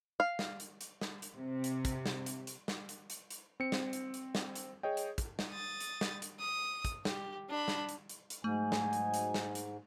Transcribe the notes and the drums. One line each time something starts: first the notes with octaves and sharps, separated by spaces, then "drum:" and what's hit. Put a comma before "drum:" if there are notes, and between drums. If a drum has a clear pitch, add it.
F5
drum: snare
drum: hi-hat
drum: hi-hat
drum: snare
drum: hi-hat
C3
drum: hi-hat
drum: kick, hi-hat
drum: snare
drum: hi-hat
drum: hi-hat
drum: snare
drum: hi-hat
drum: hi-hat
drum: hi-hat
C4 C#7
drum: snare
drum: hi-hat
drum: hi-hat
drum: snare
drum: hi-hat
G#4 C#5 D#5 G5
drum: hi-hat
drum: kick, hi-hat
drum: snare
D#6 A6
drum: hi-hat
drum: snare
drum: hi-hat
D#6
drum: kick, hi-hat
G4, drum: snare
D4 B5
drum: snare
drum: hi-hat
drum: hi-hat
drum: hi-hat
G#2 F#3 A3 D#4 G#5
drum: snare
drum: hi-hat
drum: hi-hat
drum: snare
drum: hi-hat